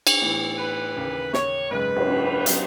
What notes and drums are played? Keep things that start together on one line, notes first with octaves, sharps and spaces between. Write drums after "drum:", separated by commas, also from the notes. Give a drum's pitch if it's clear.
drum: cymbal
A2 E3 B3
B4
D#2 C#3 E3
C#5, drum: snare
G#1 F#2 C#3 G#3 B4
drum: cymbal
F#3 B3 D#4, drum: hi-hat